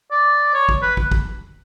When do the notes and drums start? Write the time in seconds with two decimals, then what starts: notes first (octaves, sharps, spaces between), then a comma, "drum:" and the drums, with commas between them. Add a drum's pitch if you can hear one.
0.11 D5
0.54 C#5
0.69 drum: kick
0.82 B4
0.97 drum: kick
1.12 drum: kick